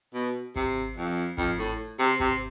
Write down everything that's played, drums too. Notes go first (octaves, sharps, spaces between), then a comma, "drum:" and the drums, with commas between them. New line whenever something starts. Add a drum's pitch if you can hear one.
B2
C3, drum: kick G#1
F2
F2, drum: kick G#1
A2
C3
C3, drum: kick G#1